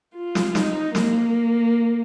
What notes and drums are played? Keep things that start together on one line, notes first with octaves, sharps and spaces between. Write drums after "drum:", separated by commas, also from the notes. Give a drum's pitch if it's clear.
F4
drum: snare
D#4, drum: snare
A#3, drum: snare